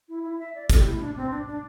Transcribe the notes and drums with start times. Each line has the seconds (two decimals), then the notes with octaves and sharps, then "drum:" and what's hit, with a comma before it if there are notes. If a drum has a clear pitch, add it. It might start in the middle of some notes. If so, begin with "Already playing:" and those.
0.09 E4
0.23 E4
0.39 E5
0.55 D5
0.70 A4, drum: kick, hi-hat
0.78 G4
0.85 E4
1.00 D4
1.16 C4
1.31 D4
1.47 D4